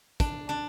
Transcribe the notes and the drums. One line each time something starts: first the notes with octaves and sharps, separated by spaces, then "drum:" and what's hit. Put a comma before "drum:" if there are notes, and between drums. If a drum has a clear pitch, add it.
D4, drum: kick, hi-hat
D4